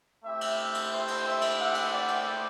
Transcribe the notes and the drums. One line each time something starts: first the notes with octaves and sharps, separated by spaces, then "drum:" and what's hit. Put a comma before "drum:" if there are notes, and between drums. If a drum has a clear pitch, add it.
A3 C4 E4 G4 E5
drum: cymbal
drum: cymbal
C5
drum: cymbal
E5
drum: cymbal
F#5
drum: cymbal
D5
drum: cymbal